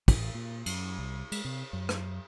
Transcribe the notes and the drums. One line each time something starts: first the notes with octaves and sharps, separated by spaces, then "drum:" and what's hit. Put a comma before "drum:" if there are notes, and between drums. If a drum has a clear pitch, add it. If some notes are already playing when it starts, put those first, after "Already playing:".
A1, drum: kick, cymbal
A#2
F#2, drum: cymbal
C2
G#3, drum: cymbal
C3
F#2
drum: rim click